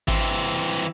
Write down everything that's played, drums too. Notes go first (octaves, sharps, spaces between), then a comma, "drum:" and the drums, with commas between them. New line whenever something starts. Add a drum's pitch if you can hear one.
E3 C4, drum: kick G#1
drum: hi-hat